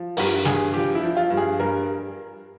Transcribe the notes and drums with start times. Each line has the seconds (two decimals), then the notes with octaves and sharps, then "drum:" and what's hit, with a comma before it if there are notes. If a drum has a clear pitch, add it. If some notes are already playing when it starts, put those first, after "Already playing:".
Already playing: F3
0.17 G2 A#4, drum: open hi-hat
0.45 G2 G#4, drum: snare
0.74 F3 G4
0.95 E4
1.03 F3
1.17 F4
1.30 G2
1.37 G#4
1.59 G2 A#4